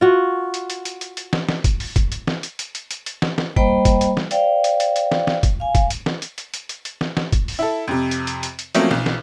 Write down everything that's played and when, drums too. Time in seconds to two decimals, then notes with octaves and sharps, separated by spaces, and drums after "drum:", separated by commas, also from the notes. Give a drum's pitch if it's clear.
0.01 F4 F#4
0.54 drum: hi-hat
0.70 drum: hi-hat
0.85 drum: hi-hat
1.01 drum: hi-hat
1.17 drum: hi-hat
1.33 drum: snare
1.49 drum: snare
1.64 drum: kick, hi-hat
1.80 drum: open hi-hat
1.96 drum: kick, hi-hat
2.12 drum: hi-hat
2.27 drum: snare
2.43 drum: hi-hat
2.59 drum: hi-hat
2.75 drum: hi-hat
2.91 drum: hi-hat
3.06 drum: hi-hat
3.22 drum: snare
3.38 drum: snare
3.56 G3 A#3 C5 D#5 G5 B5, drum: kick
3.85 drum: kick, hi-hat
4.01 drum: hi-hat
4.17 drum: snare
4.31 C5 D5 F5 G5, drum: hi-hat
4.64 drum: hi-hat
4.80 drum: hi-hat
4.96 drum: hi-hat
5.12 drum: snare
5.27 drum: snare
5.43 drum: kick, hi-hat
5.60 F5 G#5
5.75 drum: kick, hi-hat
5.90 drum: hi-hat
6.06 drum: snare
6.22 drum: hi-hat
6.38 drum: hi-hat
6.54 drum: hi-hat
6.69 drum: hi-hat
6.85 drum: hi-hat
7.01 drum: snare
7.17 drum: snare
7.32 drum: kick, hi-hat
7.48 drum: open hi-hat
7.59 E4 A4
7.87 F2 C3
8.11 drum: hi-hat
8.27 drum: hi-hat
8.43 drum: hi-hat
8.59 drum: hi-hat
8.75 F3 F#3 A3 A#3 C4 C#4, drum: hi-hat
8.91 B1, drum: snare
9.06 drum: snare